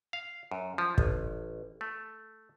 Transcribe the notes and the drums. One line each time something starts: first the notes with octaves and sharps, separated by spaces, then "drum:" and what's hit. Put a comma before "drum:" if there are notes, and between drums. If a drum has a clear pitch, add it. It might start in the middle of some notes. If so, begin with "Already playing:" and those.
F5
F#2
F3
A1, drum: kick
A3